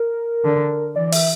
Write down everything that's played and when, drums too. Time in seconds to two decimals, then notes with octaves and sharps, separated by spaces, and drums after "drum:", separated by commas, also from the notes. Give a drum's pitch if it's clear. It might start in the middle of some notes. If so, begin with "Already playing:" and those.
Already playing: A#4
0.44 D3
0.95 E3 D5
1.07 D5
1.12 E5, drum: open hi-hat